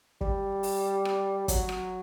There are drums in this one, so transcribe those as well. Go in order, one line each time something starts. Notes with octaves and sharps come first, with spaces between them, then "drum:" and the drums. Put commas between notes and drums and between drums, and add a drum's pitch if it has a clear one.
G3, drum: kick
drum: open hi-hat
drum: rim click
F#3, drum: kick, hi-hat
drum: rim click